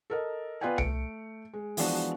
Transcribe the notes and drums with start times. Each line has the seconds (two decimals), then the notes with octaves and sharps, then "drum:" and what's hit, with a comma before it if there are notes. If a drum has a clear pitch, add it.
0.10 A4 A#4 D#5
0.61 B3 F4 B4 D5 G5 G#5
0.78 A3 C#7 D7, drum: tom C2
1.54 G#3
1.77 E3 F3 G#3 B3 D4 F#4, drum: open hi-hat